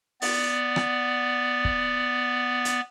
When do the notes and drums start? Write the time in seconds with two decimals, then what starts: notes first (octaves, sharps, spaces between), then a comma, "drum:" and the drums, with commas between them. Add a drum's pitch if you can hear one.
0.22 B3 D5, drum: open hi-hat
0.76 drum: rim click
1.65 drum: kick
2.65 drum: hi-hat